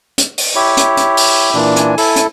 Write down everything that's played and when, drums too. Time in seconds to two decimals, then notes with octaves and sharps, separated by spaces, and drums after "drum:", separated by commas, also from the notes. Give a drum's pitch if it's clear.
0.18 drum: hi-hat
0.38 drum: open hi-hat
0.55 E4 G4 C#5
0.77 drum: hi-hat
0.97 drum: hi-hat
1.17 drum: open hi-hat
1.55 A#2 E3 D4
1.76 G#5, drum: hi-hat
1.98 E4 A4, drum: open hi-hat
2.16 drum: hi-hat